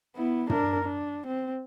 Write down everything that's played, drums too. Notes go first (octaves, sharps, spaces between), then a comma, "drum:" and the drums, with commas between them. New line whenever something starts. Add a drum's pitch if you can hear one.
B3 E4
D4 A#4, drum: tom
D4
C4